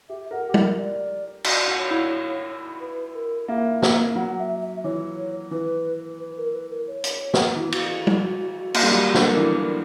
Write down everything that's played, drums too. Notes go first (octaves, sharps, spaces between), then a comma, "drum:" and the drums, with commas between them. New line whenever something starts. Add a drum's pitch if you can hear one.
G4 E5
A#4 F#5
G4
A#4 E5, drum: tom G3
D5
F#4 D5, drum: cymbal
F#4
C#5
E4
B4
A#4
A#3 E5
A#3, drum: snare
F#3 F#5
E5
E5
E3 C#5
E3 B4
B4
A#4
B4
A#4
C#5
drum: hi-hat
drum: snare
E3 F#4
F#4, drum: cymbal
F#4
F#4, drum: tom G3
F#4
F#4
A#3, drum: cymbal
G3
F#3 G4
D3, drum: snare
A#4
E3
A#4